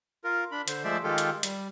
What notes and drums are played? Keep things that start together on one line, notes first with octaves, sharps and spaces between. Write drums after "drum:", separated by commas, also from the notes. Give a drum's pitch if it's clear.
F4 A#4
D4 B5
D3 C5, drum: hi-hat
F3 G#3 A3 C5 D5 E5
D#3 G#3 F4 G4 A4
drum: hi-hat
G3, drum: hi-hat